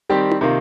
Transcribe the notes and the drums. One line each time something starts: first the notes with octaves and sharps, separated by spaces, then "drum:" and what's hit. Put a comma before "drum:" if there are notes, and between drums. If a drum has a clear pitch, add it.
D#3 G3 C4 G4
drum: tom D#4
C3 D#3 A#3 F4